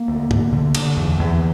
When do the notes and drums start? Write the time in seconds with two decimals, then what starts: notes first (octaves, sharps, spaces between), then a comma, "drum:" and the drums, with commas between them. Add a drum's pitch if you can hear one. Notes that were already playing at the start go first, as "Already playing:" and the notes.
Already playing: A#3
0.08 D2
0.31 D2, drum: tom G#2
0.52 D3
0.75 D3, drum: cymbal
0.97 E2
1.19 E2